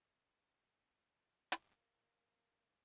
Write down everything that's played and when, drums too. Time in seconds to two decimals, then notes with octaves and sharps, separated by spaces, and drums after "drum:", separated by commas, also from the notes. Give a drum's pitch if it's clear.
1.52 drum: hi-hat
1.76 A#3